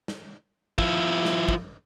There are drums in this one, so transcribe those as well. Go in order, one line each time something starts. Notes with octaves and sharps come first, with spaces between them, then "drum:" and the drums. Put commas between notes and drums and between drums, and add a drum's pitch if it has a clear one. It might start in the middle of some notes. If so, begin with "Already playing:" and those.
drum: snare
F3 E4, drum: kick
drum: snare
drum: kick